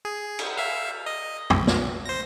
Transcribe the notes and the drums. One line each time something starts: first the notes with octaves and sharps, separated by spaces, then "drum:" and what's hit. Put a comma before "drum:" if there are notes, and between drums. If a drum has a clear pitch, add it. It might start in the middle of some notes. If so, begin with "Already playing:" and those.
G#4
drum: cymbal
E5 F5
D#5
B1, drum: tom
drum: snare
C5 A#6